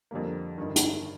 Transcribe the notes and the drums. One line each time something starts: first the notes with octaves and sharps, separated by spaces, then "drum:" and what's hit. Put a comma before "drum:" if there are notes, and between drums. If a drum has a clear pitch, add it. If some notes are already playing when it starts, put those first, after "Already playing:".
F2 D3 G3 A#3
G1 G2 D#3
drum: hi-hat